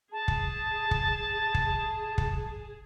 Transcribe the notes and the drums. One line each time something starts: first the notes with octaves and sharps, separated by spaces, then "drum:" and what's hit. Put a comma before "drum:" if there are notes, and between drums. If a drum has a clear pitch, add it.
G#4 A5
drum: kick
drum: kick
drum: kick
drum: kick